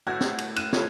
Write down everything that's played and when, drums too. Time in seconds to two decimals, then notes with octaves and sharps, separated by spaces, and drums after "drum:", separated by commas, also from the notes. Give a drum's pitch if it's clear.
0.07 G1 A2 F#4 E5 G#6
0.21 drum: snare
0.39 drum: cymbal
0.56 F5 F#6 D#7 E7, drum: cymbal
0.73 E4 F4 A4 C#5, drum: snare